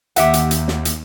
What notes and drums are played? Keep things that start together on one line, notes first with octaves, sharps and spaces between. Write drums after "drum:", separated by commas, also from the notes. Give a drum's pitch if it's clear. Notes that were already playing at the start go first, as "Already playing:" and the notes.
D#2 G4 E5 F#5, drum: hi-hat
drum: hi-hat
drum: hi-hat
drum: snare
drum: hi-hat